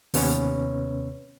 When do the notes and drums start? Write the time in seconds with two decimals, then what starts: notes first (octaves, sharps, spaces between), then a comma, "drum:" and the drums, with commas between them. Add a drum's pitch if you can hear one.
0.14 D#2 C3 B3 C#4 B4 C#5, drum: open hi-hat